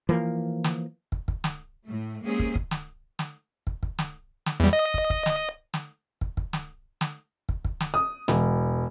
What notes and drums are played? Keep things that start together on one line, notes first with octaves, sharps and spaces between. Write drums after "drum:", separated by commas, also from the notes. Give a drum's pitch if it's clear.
E3 F3 A#3
drum: snare
drum: kick
drum: kick
drum: snare
A2 A3
G#3 A#3 C4 C#4 G4 G#4
drum: kick
drum: kick
drum: snare
drum: snare
drum: kick
drum: kick
drum: snare
drum: snare
E2 G3
D#5
drum: kick
drum: kick
drum: snare
drum: snare
drum: kick
drum: kick
drum: snare
drum: snare
drum: kick
drum: kick
drum: snare
D#6
E1, drum: snare